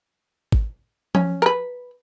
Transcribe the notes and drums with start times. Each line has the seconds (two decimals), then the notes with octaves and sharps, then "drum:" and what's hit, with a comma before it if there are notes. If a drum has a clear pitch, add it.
0.52 drum: kick G#1
1.15 C#4, drum: tom F3
1.42 A#4 B4